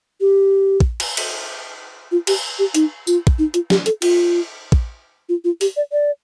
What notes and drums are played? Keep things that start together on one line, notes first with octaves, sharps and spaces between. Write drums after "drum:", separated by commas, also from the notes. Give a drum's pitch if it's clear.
G4
drum: kick
drum: cymbal
drum: cymbal
F4
G4, drum: cymbal
G4
D#4, drum: hi-hat
F4, drum: tambourine
drum: kick
D#4
F4, drum: hi-hat
G4, drum: snare
A4, drum: hi-hat
F4, drum: cymbal
drum: kick
F4
F4
G4, drum: open hi-hat
D5
D5